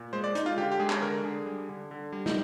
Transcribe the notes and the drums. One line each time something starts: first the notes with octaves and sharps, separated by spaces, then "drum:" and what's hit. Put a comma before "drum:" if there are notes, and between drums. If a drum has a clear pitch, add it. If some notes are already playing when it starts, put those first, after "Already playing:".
Already playing: A#2
G#3 C5
D5
G#3 D#4, drum: hi-hat
F4
D3 G4
G4
G#3 G#4
drum: clap
D3 A#4
D3 G#4
G3
D3
D3
G3
D#4, drum: snare